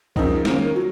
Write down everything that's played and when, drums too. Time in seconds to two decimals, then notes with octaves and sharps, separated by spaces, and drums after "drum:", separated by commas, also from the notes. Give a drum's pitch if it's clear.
0.16 C#3 F3 C4 D#4 A#4, drum: kick
0.45 D#3 A#3 C#4 C5, drum: snare
0.59 A#4
0.74 F#3 F#4